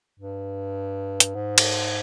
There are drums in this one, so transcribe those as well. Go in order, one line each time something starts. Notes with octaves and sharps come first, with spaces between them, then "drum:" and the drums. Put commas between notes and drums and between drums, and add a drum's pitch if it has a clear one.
G2
drum: hi-hat
G#2
drum: cymbal